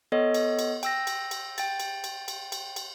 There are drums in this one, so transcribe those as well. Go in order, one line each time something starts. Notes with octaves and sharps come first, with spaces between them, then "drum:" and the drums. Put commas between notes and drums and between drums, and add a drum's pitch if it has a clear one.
B3 A4 C#5 D#5
drum: cymbal
drum: cymbal
G5 E6 A#6, drum: cymbal
drum: cymbal
drum: cymbal
G5 A6, drum: cymbal
drum: cymbal
drum: cymbal
drum: cymbal
drum: cymbal
drum: cymbal